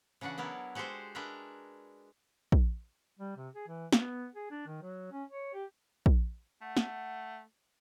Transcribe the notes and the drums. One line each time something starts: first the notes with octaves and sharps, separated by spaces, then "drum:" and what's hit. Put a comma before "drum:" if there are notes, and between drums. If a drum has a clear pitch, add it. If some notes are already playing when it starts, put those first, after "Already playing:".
C#3 E3 D4 F#4 F#5
F#3 B3 E4 A#4 D5
G#3 F#4 G4 A4 C5
G#3 D4 A#4 B4 E5 A#5
drum: kick
G3
C3
G#4
E3
B3, drum: snare
G#4
D4
D#3
F#3
C#4
C#5
G4
drum: kick
A3 F#5
drum: snare